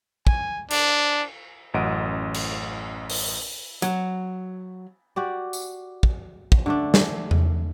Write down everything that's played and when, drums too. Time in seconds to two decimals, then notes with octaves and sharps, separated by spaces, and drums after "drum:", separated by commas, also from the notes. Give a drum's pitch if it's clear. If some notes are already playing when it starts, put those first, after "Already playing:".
0.27 G#5, drum: kick
0.70 D4, drum: cymbal
1.74 A1 F#2 D#5 F#5 D7 D#7
2.34 drum: cymbal
3.10 drum: open hi-hat
3.82 F#3, drum: hi-hat
5.16 F#4 G4 D5
5.53 drum: tambourine
6.03 drum: kick
6.52 drum: kick
6.66 D3 A3 D4
6.94 drum: snare
7.31 drum: tom E2